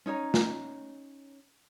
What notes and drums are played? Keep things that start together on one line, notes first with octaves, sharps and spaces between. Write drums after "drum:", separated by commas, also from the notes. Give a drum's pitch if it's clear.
C#4 D#4 C#5 A#5
drum: snare